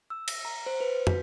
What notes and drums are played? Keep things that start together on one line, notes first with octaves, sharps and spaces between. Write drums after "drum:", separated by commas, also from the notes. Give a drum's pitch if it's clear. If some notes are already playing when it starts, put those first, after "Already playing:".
E6
A#6, drum: cymbal
A#5
C5
B4
F#4, drum: tom